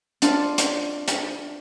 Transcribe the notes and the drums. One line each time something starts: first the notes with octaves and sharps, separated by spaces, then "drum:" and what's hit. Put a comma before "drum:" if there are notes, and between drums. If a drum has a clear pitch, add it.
D4 F4 D5, drum: hi-hat
drum: hi-hat
drum: hi-hat